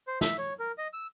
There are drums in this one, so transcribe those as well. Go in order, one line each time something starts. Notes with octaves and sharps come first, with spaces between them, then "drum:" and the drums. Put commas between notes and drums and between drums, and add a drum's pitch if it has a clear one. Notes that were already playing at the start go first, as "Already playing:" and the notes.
C5
E5, drum: snare
C#5
A#4
D#5
E6